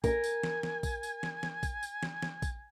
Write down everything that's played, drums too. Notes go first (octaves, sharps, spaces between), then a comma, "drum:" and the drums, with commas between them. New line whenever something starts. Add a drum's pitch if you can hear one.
A#4 G#5, drum: kick, tambourine
drum: tambourine
drum: snare
drum: snare
drum: kick, tambourine
drum: tambourine
drum: snare
drum: snare
drum: kick, tambourine
drum: tambourine
drum: snare
drum: snare
drum: kick, tambourine